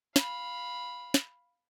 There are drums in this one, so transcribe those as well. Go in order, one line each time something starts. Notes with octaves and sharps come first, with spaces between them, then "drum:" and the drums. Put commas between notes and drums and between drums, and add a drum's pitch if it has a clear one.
F5 B5, drum: snare
drum: snare